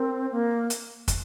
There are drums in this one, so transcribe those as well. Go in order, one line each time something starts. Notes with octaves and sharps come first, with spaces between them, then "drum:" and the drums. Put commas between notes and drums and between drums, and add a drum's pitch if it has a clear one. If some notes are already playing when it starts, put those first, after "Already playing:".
Already playing: C4 A#4
A#3
drum: hi-hat
drum: kick, hi-hat